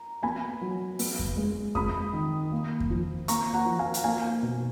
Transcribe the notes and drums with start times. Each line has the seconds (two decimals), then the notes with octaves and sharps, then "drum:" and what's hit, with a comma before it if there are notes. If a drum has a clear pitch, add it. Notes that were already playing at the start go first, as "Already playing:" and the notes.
Already playing: A#5
0.23 B3 G#5 B5
0.62 F#3
0.99 B3, drum: open hi-hat
1.19 drum: kick F2
1.37 G#3
1.75 G#3 B5 D#6, drum: kick F2
2.13 D#3
2.51 A#3
2.80 drum: kick F2
2.91 F3
3.28 A#3 A#5 C#6, drum: hi-hat
3.54 F#5 A#5
3.66 F3
3.79 F5 G#5
3.94 drum: hi-hat
4.04 A#3 F5 G#5
4.43 B2